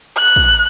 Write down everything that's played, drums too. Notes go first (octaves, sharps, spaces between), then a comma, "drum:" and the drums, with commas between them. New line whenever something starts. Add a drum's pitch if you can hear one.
F#6
drum: kick